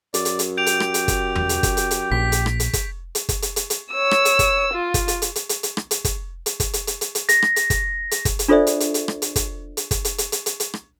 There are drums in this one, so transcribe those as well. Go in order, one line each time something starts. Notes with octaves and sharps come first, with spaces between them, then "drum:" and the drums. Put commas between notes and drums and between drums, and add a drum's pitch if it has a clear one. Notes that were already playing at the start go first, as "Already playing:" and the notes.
F#2 D5, drum: hi-hat
drum: hi-hat
drum: hi-hat
G4 G6 D7 F7
drum: hi-hat
drum: rim click
drum: hi-hat
drum: kick, hi-hat
drum: tom E2
drum: hi-hat
drum: kick, hi-hat
drum: hi-hat
drum: hi-hat
A#1 B6
drum: hi-hat
drum: rim click
drum: hi-hat
drum: kick, hi-hat
drum: hi-hat
drum: kick, hi-hat
drum: hi-hat
drum: hi-hat
drum: hi-hat
C#5 E6
drum: rim click
drum: hi-hat
drum: kick, hi-hat
F4
drum: kick, hi-hat
drum: hi-hat
drum: hi-hat
drum: hi-hat
drum: hi-hat
drum: hi-hat
drum: rim click
drum: hi-hat
drum: kick, hi-hat
drum: hi-hat
drum: kick, hi-hat
drum: hi-hat
drum: hi-hat
drum: hi-hat
drum: hi-hat
A#6, drum: hi-hat
drum: rim click
drum: hi-hat
drum: kick, hi-hat
drum: hi-hat
drum: kick, hi-hat
drum: hi-hat
D4 F4 A4 C5 D5 E5
drum: hi-hat
drum: hi-hat
drum: hi-hat
drum: rim click
drum: hi-hat
drum: kick, hi-hat
drum: hi-hat
drum: kick, hi-hat
drum: hi-hat
drum: hi-hat
drum: hi-hat
drum: hi-hat
drum: hi-hat
drum: rim click